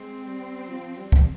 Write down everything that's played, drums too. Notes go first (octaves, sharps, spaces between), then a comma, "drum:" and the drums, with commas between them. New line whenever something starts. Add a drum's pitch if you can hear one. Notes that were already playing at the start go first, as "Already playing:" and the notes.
Already playing: G#3 C4
G3
F3
G3
drum: kick